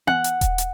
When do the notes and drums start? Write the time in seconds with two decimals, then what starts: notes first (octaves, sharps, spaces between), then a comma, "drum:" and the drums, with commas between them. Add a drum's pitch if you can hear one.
0.07 F#5, drum: tom B3
0.24 drum: hi-hat
0.41 drum: kick D#1, hi-hat
0.58 drum: hi-hat